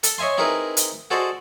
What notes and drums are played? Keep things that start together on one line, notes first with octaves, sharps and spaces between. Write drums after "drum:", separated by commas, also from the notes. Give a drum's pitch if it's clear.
A4, drum: hi-hat
C#5 D#5 E5 G#5 C6
C4 D#4 E4 G#4 A#4 B4
drum: hi-hat
F#4 G#4 A4 C5 D5 D#5